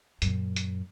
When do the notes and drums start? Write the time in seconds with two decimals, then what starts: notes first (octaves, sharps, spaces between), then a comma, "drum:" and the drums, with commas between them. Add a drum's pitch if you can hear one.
0.22 F#2 A#2, drum: hi-hat
0.56 drum: hi-hat